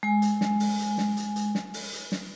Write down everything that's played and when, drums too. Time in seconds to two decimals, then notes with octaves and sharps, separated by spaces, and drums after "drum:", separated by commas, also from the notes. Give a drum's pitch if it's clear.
0.03 G#3 G#5
0.22 drum: hi-hat
0.41 drum: snare
0.60 drum: open hi-hat
0.79 drum: hi-hat
0.98 drum: snare
1.17 drum: hi-hat
1.36 drum: hi-hat
1.55 drum: snare
1.74 drum: open hi-hat
1.93 drum: hi-hat
2.12 drum: snare